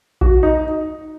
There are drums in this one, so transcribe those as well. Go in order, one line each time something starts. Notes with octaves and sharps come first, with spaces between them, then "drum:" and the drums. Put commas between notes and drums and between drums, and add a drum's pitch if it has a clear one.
F#4, drum: kick A#1
D#4